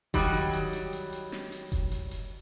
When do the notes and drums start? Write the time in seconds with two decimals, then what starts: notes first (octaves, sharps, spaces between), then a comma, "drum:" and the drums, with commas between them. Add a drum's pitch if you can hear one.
0.14 D#3 F#3 G3, drum: kick F1, hi-hat
0.34 drum: hi-hat
0.53 drum: hi-hat
0.73 drum: hi-hat
0.93 drum: hi-hat
1.13 drum: hi-hat
1.32 drum: snare
1.52 drum: hi-hat
1.72 drum: kick F1, hi-hat
1.92 drum: hi-hat
2.11 drum: hi-hat